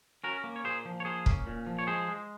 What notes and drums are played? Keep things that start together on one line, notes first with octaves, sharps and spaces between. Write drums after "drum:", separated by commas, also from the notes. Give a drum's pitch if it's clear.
C#4 F#4 A#4
A#3
C#5
A#2 G#4 C5
F3
C#5
A#3 G#4 C5
C#4, drum: kick
A#2
F3
C#5
G#3 G#4 C5
G#3